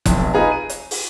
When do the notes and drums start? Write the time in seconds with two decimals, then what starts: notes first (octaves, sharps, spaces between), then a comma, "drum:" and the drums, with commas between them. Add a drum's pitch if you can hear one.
0.06 F1 B1, drum: kick F1, hi-hat
0.34 D#4 F4 G#4 B4 A#5
0.52 D#7
0.69 drum: hi-hat
0.91 drum: open hi-hat